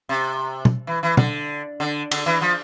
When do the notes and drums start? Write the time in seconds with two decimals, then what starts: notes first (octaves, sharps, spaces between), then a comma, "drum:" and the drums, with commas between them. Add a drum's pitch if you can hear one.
0.09 C3
0.65 drum: tom
0.87 E3
1.03 E3
1.17 D3, drum: tom
1.80 D3
2.11 D3, drum: cymbal
2.26 E3
2.41 F3